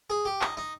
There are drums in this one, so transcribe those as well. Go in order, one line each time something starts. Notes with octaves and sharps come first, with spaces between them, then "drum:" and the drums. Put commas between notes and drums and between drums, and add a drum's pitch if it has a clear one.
G#4
G4
D#4, drum: clap
D#4